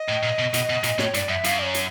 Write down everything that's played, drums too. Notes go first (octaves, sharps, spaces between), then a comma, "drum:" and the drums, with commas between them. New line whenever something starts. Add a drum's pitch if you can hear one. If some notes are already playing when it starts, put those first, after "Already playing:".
Already playing: D#5
A2
A#2
B2
B2, drum: hi-hat
B2
A#2, drum: hi-hat
A2 C#5, drum: snare
G2 D5, drum: hi-hat
F#2 E5
F#2 F5, drum: hi-hat
D5
C#5
drum: hi-hat